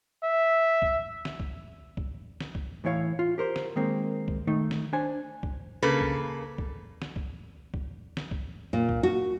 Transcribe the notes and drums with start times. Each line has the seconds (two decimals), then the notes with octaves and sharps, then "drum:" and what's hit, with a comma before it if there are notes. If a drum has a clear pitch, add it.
0.23 E5
0.82 drum: kick
1.25 drum: snare
1.40 drum: kick
1.97 drum: kick
2.41 drum: snare
2.55 drum: kick
2.84 A2 E3 E4 C#5 F5
3.19 F4
3.38 G4 A#4 C5
3.56 drum: snare
3.76 D#3 G#3 A#3 C4
4.28 drum: kick
4.47 D#3 A3 D#4
4.71 drum: snare
4.93 D4 C5 G#5
5.43 drum: kick
5.82 C#3 A#3 A4 B4
6.01 drum: kick
6.58 drum: kick
7.02 drum: snare
7.16 drum: kick
7.74 drum: kick
8.17 drum: snare
8.31 drum: kick
8.73 A#2
8.89 drum: kick
9.03 F#4